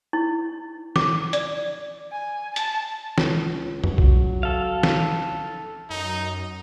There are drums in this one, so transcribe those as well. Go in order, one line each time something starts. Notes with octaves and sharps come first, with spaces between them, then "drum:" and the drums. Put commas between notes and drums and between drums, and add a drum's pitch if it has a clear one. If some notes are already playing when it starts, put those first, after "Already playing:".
E4
D6, drum: snare
D5, drum: hi-hat
G#5
A5, drum: hi-hat
C#2, drum: snare
F#3, drum: tom F2
drum: kick B1
A4 F5
drum: snare
F#2 D#4